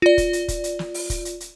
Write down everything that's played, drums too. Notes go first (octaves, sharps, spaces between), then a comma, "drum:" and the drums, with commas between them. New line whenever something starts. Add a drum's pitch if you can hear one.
F4 D5
drum: kick, hi-hat
drum: hi-hat
drum: kick, hi-hat
drum: hi-hat
drum: snare
drum: open hi-hat
drum: kick, hi-hat
drum: hi-hat
drum: hi-hat